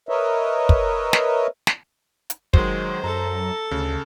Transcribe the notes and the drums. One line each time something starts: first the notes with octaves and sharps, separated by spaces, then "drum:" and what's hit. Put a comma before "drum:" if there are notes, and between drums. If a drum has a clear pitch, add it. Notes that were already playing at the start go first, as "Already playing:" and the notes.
A#4 B4 C#5 D#5 E5
drum: kick
drum: snare
drum: snare
drum: hi-hat
D#3 F#3 G#3 C5, drum: kick
F#2 A4 A5 A#5
D2 C#3